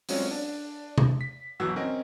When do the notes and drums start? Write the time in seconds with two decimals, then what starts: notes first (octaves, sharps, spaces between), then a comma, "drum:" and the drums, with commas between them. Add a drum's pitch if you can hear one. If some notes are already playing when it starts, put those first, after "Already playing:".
0.09 F#3 G#3 C4 C#4 F4 C#5, drum: open hi-hat
0.31 D4
0.98 drum: tom C3
1.21 B6
1.60 G1 B2 E3 F#3 F#5 E6
1.76 C4 C#4 A#4 D#5